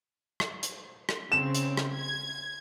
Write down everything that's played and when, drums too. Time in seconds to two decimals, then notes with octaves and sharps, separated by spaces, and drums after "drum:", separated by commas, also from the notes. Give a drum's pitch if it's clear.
0.40 drum: rim click
0.63 drum: hi-hat
1.09 drum: rim click
1.32 C#3 C4 E7
1.55 drum: hi-hat
1.77 drum: rim click
1.93 G#6